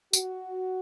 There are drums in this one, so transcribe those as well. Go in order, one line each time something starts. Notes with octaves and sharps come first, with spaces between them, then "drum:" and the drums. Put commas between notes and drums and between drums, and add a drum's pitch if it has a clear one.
F#4, drum: tambourine